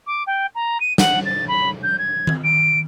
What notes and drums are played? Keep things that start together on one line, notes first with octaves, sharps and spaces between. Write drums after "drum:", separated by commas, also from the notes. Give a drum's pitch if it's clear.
D6
G5
A#5
D#7
F#5, drum: snare
A6
B5
G6
G#6
drum: tom D#3
D7